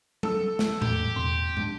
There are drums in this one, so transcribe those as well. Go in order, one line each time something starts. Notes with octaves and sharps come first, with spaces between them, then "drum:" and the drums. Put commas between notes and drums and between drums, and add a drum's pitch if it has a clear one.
A4 E6, drum: tom F#3
drum: snare
E2 A2 G4, drum: tom A2
E2 B2 C4 C6
G#3 A3 D4, drum: tom